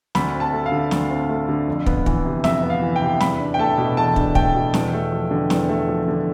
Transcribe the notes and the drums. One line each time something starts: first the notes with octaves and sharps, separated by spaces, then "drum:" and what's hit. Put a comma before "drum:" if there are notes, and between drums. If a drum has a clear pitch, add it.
D2 B5, drum: snare
C4
A5
A3
F5
D3
D2, drum: snare
C4
A3
D3
F2
B3, drum: kick
E3, drum: kick
C3
F2 E5, drum: snare
B3
F5
E3
G5
C3
E2 B5, drum: snare
D4
G5
A3 A5
B2
E2 A5
D4, drum: kick
A3 G5, drum: kick
B2
E2, drum: snare
A3
F3
D3
E2, drum: snare
A3
F3
D3